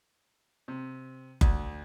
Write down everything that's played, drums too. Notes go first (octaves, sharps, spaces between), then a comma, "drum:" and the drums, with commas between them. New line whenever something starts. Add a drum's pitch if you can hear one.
C3
D2, drum: kick F#1